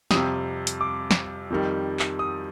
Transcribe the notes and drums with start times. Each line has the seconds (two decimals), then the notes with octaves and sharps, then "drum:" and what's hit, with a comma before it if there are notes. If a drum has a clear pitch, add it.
0.11 F2 C3 G3 D#6, drum: snare
0.67 drum: hi-hat
0.81 D6
1.11 drum: snare
1.50 F2 D#3 G3
1.99 drum: clap
2.19 D#6